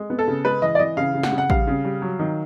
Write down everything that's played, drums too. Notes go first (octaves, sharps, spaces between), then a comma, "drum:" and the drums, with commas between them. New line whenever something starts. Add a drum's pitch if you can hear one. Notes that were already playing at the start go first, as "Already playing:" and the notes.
Already playing: G#3
B3
A4
C#3
G#3 B4
E3 D#5
D5
E3 D#5
C#3 F5
C#3
F#5, drum: snare
C#3
F#5
G3 F5, drum: kick A1
C#3
G3
F#3
D#3